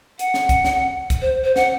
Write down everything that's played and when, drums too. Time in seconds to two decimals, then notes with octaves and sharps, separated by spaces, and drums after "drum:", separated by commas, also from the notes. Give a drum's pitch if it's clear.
0.19 F#5, drum: hi-hat
0.34 drum: snare
0.49 drum: kick, hi-hat
0.64 drum: snare
1.10 drum: kick, hi-hat
1.22 C5
1.44 C5
1.56 F#5, drum: snare